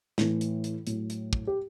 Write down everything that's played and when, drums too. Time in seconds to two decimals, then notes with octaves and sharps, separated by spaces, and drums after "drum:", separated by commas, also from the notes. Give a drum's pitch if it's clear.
0.18 A2 E3, drum: snare
0.41 drum: hi-hat
0.64 drum: hi-hat
0.87 A2 F#3, drum: hi-hat
1.10 drum: hi-hat
1.33 drum: kick
1.47 G4